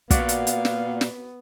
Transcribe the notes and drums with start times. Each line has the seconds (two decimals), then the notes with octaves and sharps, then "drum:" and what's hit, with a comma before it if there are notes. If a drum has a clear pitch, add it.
0.11 A#2 B3 F#4 D5 F5 F#5, drum: kick, hi-hat
0.29 drum: hi-hat
0.47 drum: hi-hat
0.65 drum: snare
1.01 drum: snare